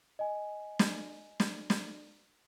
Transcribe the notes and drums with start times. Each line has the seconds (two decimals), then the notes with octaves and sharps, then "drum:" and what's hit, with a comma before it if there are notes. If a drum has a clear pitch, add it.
0.19 D#5 G#5
0.79 drum: snare
1.40 drum: snare
1.70 drum: snare